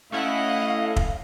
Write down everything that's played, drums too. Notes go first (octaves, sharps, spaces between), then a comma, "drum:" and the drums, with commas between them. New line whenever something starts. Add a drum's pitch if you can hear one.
A3 C#4 E4 D#5 F5 F#5
drum: kick